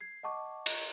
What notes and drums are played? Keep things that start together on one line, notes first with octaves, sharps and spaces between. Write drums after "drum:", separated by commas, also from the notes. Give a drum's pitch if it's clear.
G#6 C7
D#5 F#5 A5 C#6 D6
D#5, drum: cymbal